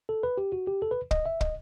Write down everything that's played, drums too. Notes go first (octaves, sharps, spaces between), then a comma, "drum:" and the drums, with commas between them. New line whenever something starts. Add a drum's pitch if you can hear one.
A4
B4
G4
F#4
G4
A4
B4
D#5, drum: kick
E5
D#5, drum: kick